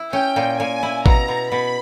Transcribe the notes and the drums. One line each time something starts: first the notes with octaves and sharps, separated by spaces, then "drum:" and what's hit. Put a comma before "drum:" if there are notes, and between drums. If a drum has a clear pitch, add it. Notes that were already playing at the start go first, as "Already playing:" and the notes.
Already playing: E4
C#4 G5
A#2
A#2 G#5
E4
B2 A#5, drum: kick
B2
B2 B5